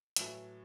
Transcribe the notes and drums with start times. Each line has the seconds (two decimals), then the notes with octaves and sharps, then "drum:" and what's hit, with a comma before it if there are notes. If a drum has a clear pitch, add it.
0.16 A2 E3 F#3 E4, drum: hi-hat